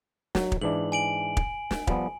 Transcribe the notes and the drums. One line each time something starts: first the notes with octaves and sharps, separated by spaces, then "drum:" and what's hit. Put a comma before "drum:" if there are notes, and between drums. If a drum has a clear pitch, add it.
F#3, drum: snare
drum: kick
G#2 E3 D4 F#7
G#5 D7 F#7
drum: kick
drum: snare
F3 G3 B3, drum: kick